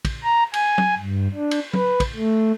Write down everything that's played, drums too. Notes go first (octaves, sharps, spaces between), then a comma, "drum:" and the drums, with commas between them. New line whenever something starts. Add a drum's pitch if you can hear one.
drum: kick, cymbal
A#5
G#5, drum: cymbal
drum: tom F#3
G2
D4
drum: cymbal
B4, drum: tom F#3
drum: kick, cymbal
A3